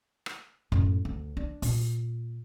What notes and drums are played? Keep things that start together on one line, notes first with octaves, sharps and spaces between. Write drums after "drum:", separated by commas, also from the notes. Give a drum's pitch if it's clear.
drum: rim click
F#2 A2, drum: kick F1
D2
D4
A#2, drum: open hi-hat